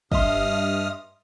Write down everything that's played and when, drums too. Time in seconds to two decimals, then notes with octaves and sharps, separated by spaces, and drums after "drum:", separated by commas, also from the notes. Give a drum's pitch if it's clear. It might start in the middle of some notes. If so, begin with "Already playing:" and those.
0.12 G2 D#5 E5 C6 D#6 F6, drum: kick